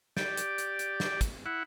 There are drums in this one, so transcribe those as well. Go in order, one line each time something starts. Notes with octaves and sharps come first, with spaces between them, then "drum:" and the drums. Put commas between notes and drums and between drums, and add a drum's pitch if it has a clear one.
G4 D5, drum: snare
drum: hi-hat
drum: hi-hat
drum: hi-hat
drum: snare
drum: kick, hi-hat
E4 F#5